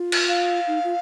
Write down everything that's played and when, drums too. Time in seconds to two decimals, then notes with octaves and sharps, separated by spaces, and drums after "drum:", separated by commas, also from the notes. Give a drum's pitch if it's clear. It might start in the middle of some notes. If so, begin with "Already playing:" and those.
Already playing: F4
0.12 drum: cymbal
0.29 F5
0.67 D#4
0.84 F4